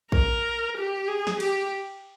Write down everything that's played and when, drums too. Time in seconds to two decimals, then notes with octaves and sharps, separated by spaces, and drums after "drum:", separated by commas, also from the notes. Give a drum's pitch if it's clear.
0.12 A#4, drum: kick
0.77 G4
1.08 G#4
1.27 drum: snare
1.40 G4, drum: cymbal